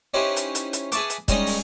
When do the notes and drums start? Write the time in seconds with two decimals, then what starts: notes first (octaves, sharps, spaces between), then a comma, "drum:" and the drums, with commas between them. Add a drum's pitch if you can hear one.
0.14 C#4 D#4 E4 G4 B4 C5
0.37 drum: hi-hat
0.55 drum: hi-hat
0.73 drum: hi-hat
0.92 G#4 B4 E5 A5 C#6 D6, drum: hi-hat
1.10 drum: hi-hat
1.28 G3 G#3 C#4 D#4 D#5, drum: kick, hi-hat
1.46 drum: open hi-hat